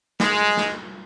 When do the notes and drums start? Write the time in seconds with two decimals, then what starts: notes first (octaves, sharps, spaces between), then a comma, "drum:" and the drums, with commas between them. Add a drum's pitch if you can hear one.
0.20 G#3, drum: snare
0.57 drum: snare